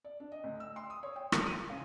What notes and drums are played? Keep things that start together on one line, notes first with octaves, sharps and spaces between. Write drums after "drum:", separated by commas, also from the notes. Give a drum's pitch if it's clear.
D5
D4
D#5
D2
E6
C6
D#6
C#5
G5
D#3, drum: rim click
D#7
C#3